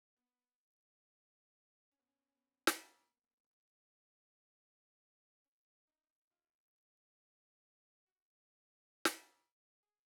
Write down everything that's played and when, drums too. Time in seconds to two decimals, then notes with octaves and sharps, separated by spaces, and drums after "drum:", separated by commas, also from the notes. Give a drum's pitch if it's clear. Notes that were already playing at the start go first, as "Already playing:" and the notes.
0.16 B3
1.91 C#4
1.99 B3
2.07 C#4
2.28 C#4
2.35 B3
2.67 drum: snare
2.80 A#3
5.43 C#4
5.87 D#4
6.31 F4
8.06 F#4
9.05 drum: snare
9.83 G#4